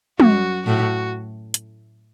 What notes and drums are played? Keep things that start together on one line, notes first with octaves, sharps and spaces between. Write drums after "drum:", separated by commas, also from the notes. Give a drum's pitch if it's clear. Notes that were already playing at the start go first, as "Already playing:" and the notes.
F#2 F#4, drum: tom
A2 F#4
drum: hi-hat